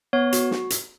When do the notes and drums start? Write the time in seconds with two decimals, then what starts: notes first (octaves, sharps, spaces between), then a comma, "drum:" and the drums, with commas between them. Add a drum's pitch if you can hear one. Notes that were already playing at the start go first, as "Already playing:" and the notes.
0.13 B3 C#5
0.33 F#4, drum: hi-hat
0.51 drum: snare
0.70 drum: hi-hat